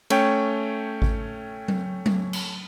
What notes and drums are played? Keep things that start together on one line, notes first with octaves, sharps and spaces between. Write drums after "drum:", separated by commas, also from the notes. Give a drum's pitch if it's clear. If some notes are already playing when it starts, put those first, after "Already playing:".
A3 C#4 C#5 G5, drum: cymbal
drum: kick G#1
drum: tom F#3
drum: tom F#3
drum: cymbal